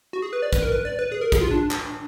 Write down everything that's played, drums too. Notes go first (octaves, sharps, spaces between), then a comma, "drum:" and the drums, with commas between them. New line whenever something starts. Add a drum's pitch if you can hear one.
F#4
G#4
B4
D5
B4, drum: kick A#1, hi-hat
A#4
B4
D5
B4
G#4
A#4
G#4, drum: kick A#1, hi-hat
F4
D4
drum: clap